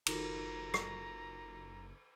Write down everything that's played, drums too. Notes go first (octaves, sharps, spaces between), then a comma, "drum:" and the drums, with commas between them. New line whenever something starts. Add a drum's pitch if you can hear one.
F#1 D#3 F4 F#4 A#4 A#5, drum: cymbal
drum: rim click